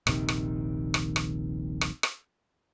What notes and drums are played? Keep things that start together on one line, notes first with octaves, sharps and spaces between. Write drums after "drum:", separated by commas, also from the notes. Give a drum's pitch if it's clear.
D#1 A#1 C3 D#3, drum: rim click
drum: rim click
drum: rim click
drum: rim click
drum: rim click
drum: rim click